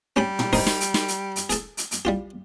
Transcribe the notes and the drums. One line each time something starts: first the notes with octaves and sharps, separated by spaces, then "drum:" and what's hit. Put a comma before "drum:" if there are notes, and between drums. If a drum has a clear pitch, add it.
G3 C#4 G4 B5
drum: tom
D#4 A#4 C5, drum: open hi-hat
drum: snare
drum: hi-hat
drum: snare
drum: hi-hat
drum: hi-hat
G#4 A4, drum: hi-hat
drum: hi-hat
drum: hi-hat
G3 F4 G4